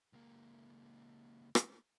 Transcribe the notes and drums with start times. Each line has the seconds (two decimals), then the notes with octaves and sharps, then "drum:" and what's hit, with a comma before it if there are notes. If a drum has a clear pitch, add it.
0.13 C#2 A#3
1.55 drum: rim click